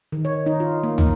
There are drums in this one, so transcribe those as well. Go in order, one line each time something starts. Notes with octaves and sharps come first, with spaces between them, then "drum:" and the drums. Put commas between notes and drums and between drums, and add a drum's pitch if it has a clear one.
D#3
C#5
D#4
F4
A#3
D#4, drum: tom